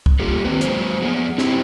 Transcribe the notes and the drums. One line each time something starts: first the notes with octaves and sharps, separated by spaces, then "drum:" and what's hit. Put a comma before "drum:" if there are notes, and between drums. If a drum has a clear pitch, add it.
drum: kick
G3 A#3 F4 G4 A4
D#3 C4 B4
F#3 G#3 A#3 C5, drum: hi-hat
F2 B3 G#4
C4 D#4 E4 G4, drum: snare